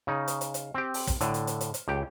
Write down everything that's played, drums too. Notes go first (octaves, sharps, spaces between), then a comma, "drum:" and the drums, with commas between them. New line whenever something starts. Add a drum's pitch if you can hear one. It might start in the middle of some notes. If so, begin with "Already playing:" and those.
C#3 D#4
drum: hi-hat
drum: hi-hat
drum: hi-hat
C4 G4
drum: open hi-hat
drum: kick, hi-hat
A2 D3, drum: hi-hat
drum: hi-hat
drum: hi-hat
drum: hi-hat
drum: hi-hat
C#2 G4